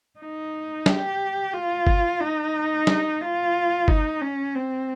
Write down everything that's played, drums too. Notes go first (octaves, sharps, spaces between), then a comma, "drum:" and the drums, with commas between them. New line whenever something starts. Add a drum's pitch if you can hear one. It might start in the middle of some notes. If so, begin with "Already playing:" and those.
D#4
G4, drum: snare
F4
drum: kick G1
D#4
drum: snare
F4
D#4, drum: kick G1
C#4
C4